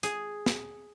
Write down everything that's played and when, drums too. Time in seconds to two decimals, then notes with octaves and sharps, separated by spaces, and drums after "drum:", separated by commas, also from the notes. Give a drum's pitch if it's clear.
0.03 G#4, drum: hi-hat
0.46 drum: snare